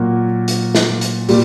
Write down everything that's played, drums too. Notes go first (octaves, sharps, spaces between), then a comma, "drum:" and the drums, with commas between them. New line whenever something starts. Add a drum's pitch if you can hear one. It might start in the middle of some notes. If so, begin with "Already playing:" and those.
Already playing: A#2 F#3 A#3 F#4
drum: hi-hat
drum: snare
drum: hi-hat
A#2 G3, drum: open hi-hat